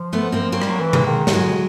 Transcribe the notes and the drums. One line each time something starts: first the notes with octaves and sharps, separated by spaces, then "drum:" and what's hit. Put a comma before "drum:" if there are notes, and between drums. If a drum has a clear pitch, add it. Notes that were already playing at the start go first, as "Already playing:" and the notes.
Already playing: F3
A3 B3
A#3 C4
F#3 A#3 C4
G3, drum: rim click
F#3
E3
G#3 A#3, drum: tom B2
D#3
G3, drum: snare
D3 F#3 G#3